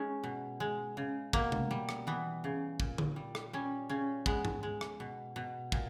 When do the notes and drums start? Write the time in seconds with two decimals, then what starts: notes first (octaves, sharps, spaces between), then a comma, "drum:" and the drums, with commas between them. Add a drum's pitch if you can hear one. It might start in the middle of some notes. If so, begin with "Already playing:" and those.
Already playing: G#3 C#4 D#4
0.24 B2
0.60 G#3
0.97 C#3
1.33 B2 A#3, drum: kick
1.52 drum: tom
1.71 G3
1.89 drum: rim click
2.07 E3 B3
2.44 C#3
2.80 A#2, drum: kick
2.98 drum: tom D3
3.16 G3
3.35 drum: rim click
3.53 G3 C#4
3.89 C#3 C#4
4.26 G#3 B3, drum: kick
4.45 drum: tom G#2
4.63 G#3
4.81 drum: rim click
5.00 B2
5.36 B2
5.72 A#2, drum: kick